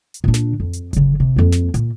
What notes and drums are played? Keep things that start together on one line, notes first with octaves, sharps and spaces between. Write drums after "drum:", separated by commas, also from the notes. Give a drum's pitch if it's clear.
drum: hi-hat
A#2 D4
drum: snare
F2
drum: hi-hat
C#3 F#3, drum: kick F#1, hi-hat
C3
F2 A#3
drum: snare
A#2, drum: hi-hat